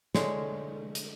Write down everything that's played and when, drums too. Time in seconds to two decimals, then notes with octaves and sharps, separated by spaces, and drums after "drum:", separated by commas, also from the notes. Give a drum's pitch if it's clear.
0.15 D3 G#3 C#5, drum: snare
0.95 drum: hi-hat